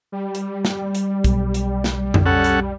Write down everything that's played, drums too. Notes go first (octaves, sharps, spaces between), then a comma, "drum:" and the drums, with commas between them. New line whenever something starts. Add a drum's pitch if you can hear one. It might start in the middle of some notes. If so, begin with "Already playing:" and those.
G3
drum: hi-hat
drum: snare
drum: hi-hat
B1, drum: kick, hi-hat
drum: hi-hat
drum: snare
drum: tom F2
C#4 A4 F#5
drum: hi-hat